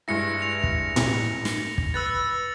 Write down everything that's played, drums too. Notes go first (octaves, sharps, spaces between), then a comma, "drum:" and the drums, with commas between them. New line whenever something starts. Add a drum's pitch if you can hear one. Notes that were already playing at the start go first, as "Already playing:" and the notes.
G2 G#3 E4 A#6 C#7
F7
drum: kick
drum: tom A2
drum: snare
drum: kick
B4 E6 F#6 A6